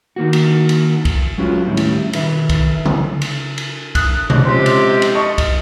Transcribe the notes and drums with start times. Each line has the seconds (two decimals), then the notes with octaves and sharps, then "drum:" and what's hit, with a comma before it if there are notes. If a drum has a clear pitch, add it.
0.16 D#3 A#3 F#4
0.33 drum: cymbal
0.69 drum: cymbal
1.05 drum: kick, cymbal
1.38 F#3 G#3 C#4 F4 F#4 B4
1.67 D#2 A2 G3 C#4 E4 G4
1.77 drum: cymbal
2.13 B1 D#3 B4 E5, drum: cymbal
2.49 drum: kick, cymbal
2.85 drum: tom C#3
3.22 drum: cymbal
3.58 drum: cymbal
3.95 D#6 F#6, drum: kick, cymbal
4.30 drum: tom B2
4.45 C3 F3 G#3 C#4 G4 C6
4.66 drum: cymbal
5.02 drum: cymbal
5.14 D#5 A5 C#6
5.38 drum: kick, cymbal